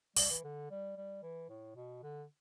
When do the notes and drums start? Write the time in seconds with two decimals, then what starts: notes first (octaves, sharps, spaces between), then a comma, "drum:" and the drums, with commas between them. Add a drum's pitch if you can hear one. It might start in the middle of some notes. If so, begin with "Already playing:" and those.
0.16 G3, drum: open hi-hat
0.31 E3
0.44 D3
0.71 G3
0.97 G3
1.23 E3
1.49 A2
1.76 B2
2.03 D3